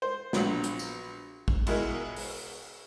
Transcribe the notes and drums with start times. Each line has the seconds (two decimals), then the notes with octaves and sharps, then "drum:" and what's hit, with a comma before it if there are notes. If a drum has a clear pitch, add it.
0.02 C5
0.33 A#1 F#3 B3, drum: snare
0.64 drum: hi-hat
0.79 drum: tambourine
1.48 drum: kick
1.67 B2 G#3 E4 G#4 A#4, drum: cymbal
2.16 drum: open hi-hat